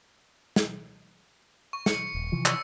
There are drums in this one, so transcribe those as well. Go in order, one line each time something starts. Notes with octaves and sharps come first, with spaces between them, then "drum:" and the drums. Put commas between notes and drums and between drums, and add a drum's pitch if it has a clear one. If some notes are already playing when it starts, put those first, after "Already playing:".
drum: snare
C#6
C#7, drum: snare
D#1
C3 E3 F3
C#6 E6, drum: clap